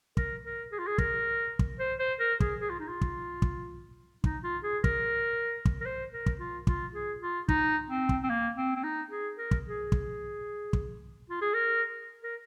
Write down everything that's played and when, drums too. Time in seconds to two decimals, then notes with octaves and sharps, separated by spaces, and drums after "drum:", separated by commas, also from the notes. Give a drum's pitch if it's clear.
0.17 A#4, drum: kick
0.44 A#4
0.72 G#4
0.79 F4
0.87 G#4
0.98 A#4, drum: kick
1.59 drum: kick
1.79 C5
1.99 C5
2.20 A#4
2.40 G#4, drum: kick
2.61 G#4
2.70 F4
2.80 D#4
2.88 F4
3.01 drum: kick
3.42 drum: kick
4.24 D#4, drum: kick
4.44 F4
4.63 G#4
4.84 A#4, drum: kick
5.65 drum: kick
5.81 A#4
5.86 C5
6.13 A#4
6.26 drum: kick
6.40 F4
6.67 F4, drum: kick
6.94 G#4
7.21 F4
7.48 D#4, drum: kick
7.88 C4
8.09 drum: kick
8.23 C4
8.30 A#3
8.57 C4
8.76 C4
8.83 D#4
9.10 G#4
9.38 A#4
9.51 drum: kick
9.65 G#4
9.92 drum: kick
10.73 drum: kick
11.30 F4
11.41 G#4
11.54 A#4
12.23 A#4